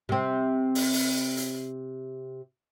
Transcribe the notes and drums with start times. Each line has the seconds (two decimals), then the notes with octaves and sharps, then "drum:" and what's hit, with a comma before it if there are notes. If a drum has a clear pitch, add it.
0.09 C3 C4
0.75 drum: open hi-hat
0.93 drum: open hi-hat
1.37 drum: hi-hat